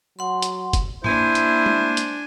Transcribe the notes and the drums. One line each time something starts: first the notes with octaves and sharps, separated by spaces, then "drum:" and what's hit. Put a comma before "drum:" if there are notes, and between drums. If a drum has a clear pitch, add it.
F#3 F#5 C6
drum: hi-hat
drum: kick, hi-hat
A#3 D4 E4 C5 G#5, drum: tom G#2
drum: hi-hat
drum: tom G#3
drum: hi-hat